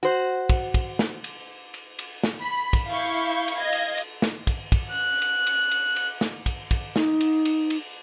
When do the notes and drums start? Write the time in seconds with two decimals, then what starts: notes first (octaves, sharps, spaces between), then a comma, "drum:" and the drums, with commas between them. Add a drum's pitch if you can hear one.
0.03 F#4 C5
0.50 drum: kick, cymbal
0.74 drum: kick, cymbal
0.99 drum: snare
1.24 drum: cymbal
1.74 drum: cymbal
1.99 drum: cymbal
2.24 drum: snare
2.41 B5
2.73 drum: kick, cymbal
2.90 E4 F5 C#6 G6
3.48 drum: cymbal
3.57 D#5 F5 G#6
3.73 drum: cymbal
3.97 drum: cymbal
4.22 drum: snare
4.47 drum: kick, cymbal
4.72 drum: kick, cymbal
4.91 F#6
5.22 drum: cymbal
5.47 drum: cymbal
5.71 drum: cymbal
5.96 drum: cymbal
6.21 drum: snare
6.46 drum: kick, cymbal
6.71 drum: kick, cymbal
6.96 D#4, drum: snare
7.21 drum: cymbal
7.45 drum: cymbal
7.70 drum: cymbal